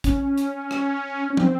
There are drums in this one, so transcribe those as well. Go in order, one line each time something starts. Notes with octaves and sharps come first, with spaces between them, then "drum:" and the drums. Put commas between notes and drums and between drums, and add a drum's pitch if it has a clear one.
C#4, drum: kick, hi-hat
drum: hi-hat
drum: rim click
C#4
C4, drum: tom